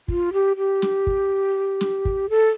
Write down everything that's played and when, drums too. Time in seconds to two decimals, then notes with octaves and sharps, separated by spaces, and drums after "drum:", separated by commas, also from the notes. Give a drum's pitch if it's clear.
0.08 F4, drum: kick
0.33 G4
0.57 G4
0.82 drum: snare
1.07 drum: kick
1.81 drum: snare
2.05 drum: kick
2.29 A4